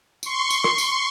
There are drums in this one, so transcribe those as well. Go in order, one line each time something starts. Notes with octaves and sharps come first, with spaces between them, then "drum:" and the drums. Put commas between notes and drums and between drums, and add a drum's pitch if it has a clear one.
C6 C#6, drum: tambourine
drum: tambourine
drum: rim click
drum: tambourine